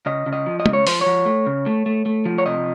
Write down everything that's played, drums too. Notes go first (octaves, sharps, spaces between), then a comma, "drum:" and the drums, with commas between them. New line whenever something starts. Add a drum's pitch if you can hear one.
C#3 D#5
C#3
D#5
F3
D#5
C#3, drum: tom G#3
C#5
F3 C5, drum: open hi-hat
C#5
F3
A3
C#3
A3
A3
A3
F3
C#5
C3 D#5